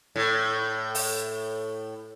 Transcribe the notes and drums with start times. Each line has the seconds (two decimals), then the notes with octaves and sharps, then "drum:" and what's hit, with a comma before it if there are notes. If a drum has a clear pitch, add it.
0.16 A2
0.95 drum: open hi-hat